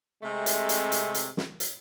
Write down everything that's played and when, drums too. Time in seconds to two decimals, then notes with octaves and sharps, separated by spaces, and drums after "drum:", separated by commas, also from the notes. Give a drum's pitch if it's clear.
0.23 C3 G#3 A3
0.46 drum: hi-hat
0.69 drum: hi-hat
0.92 drum: hi-hat
1.14 drum: hi-hat
1.37 drum: snare
1.60 drum: hi-hat